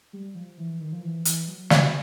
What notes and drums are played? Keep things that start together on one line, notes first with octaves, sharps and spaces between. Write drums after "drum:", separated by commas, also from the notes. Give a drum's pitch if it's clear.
G3
F3
E3
D#3
F3
E3
E3, drum: hi-hat
F#3
G3, drum: snare